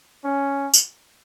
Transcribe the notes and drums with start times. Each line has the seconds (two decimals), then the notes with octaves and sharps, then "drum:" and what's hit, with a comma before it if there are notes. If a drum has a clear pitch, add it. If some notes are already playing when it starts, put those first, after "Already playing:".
0.24 C#4
0.74 drum: tambourine